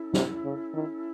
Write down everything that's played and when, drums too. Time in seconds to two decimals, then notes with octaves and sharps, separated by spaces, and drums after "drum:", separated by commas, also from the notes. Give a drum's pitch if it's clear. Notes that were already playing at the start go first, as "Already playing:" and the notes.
Already playing: C#4 E4 A4
0.14 C3, drum: snare
0.44 C#3
0.74 D#3